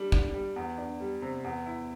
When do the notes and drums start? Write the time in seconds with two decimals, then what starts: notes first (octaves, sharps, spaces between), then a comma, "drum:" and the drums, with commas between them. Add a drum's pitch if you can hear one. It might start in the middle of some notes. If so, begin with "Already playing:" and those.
Already playing: G3 D4
0.12 D4, drum: kick
0.34 G3
0.56 E2
0.78 D4
1.00 G3
1.22 C3
1.44 E2
1.66 E4